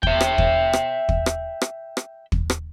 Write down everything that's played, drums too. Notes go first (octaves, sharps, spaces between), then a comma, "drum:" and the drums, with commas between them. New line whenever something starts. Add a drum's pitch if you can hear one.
E5 G5, drum: kick
drum: rim click
drum: kick
drum: rim click
drum: kick
drum: rim click
drum: rim click
drum: rim click
drum: kick
drum: rim click